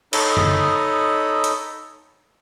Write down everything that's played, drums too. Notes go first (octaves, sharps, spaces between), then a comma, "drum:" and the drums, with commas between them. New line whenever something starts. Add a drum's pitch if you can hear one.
D#4 A4 C#5 D#5 B5, drum: cymbal
drum: tom F#2
drum: hi-hat